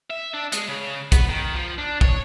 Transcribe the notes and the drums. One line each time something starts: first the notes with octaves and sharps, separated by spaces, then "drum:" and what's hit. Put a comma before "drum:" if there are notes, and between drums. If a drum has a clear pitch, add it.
E5
D4
G#3, drum: hi-hat
C#3
B3, drum: kick, hi-hat
D#3
F3
D4
C#5, drum: kick